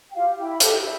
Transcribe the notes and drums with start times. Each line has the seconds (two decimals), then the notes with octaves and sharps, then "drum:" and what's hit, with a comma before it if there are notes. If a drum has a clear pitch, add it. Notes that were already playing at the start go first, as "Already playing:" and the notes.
0.09 G5
0.14 F4 G4 F5
0.38 E4 G4 G5
0.51 B5
0.60 G4 A4 A5, drum: hi-hat
0.83 E4